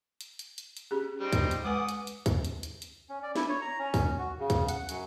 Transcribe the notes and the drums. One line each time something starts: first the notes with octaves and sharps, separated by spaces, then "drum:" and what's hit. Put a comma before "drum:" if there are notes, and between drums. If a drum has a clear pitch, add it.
drum: hi-hat
drum: hi-hat
drum: hi-hat
drum: hi-hat
C#4 G4 G#4
G3 C4 D#4
drum: kick, hi-hat
drum: hi-hat
G#3 B4 F#5 G#5 D6 D#6
drum: hi-hat
drum: hi-hat
drum: kick, hi-hat
drum: hi-hat
drum: hi-hat
drum: hi-hat
C#4
D5
E4, drum: snare
C#5
A#5
C#4
drum: kick, open hi-hat
F#4
C#3
drum: kick, hi-hat
F#5, drum: hi-hat
F#2, drum: hi-hat